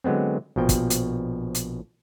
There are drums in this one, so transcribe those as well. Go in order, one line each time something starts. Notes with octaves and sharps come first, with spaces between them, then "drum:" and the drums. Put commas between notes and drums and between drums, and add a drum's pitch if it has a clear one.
D3 F#3 G#3 B3 C4
A#1 B2 F3 G5
drum: kick, hi-hat
drum: hi-hat
drum: hi-hat